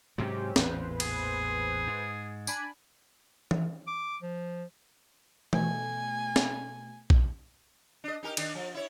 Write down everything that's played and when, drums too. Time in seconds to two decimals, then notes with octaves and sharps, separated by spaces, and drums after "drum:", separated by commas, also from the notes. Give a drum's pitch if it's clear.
0.18 G#2 C3 F#3 C4 C#4 G4
0.56 A1 E2 A#2 B4 C5, drum: snare
1.00 G#4, drum: cymbal
1.87 G#2
2.47 D4 D5 G#5 B5, drum: tambourine
3.51 drum: tom E3
3.87 D6
4.22 F3
5.53 B2 A3 G#5, drum: tom E3
6.36 drum: snare
7.10 drum: kick A#1
8.04 D4 D#5
8.23 D#4 G4 A#4
8.37 D#3 D4 D#4, drum: cymbal
8.55 F3
8.74 E4 C#5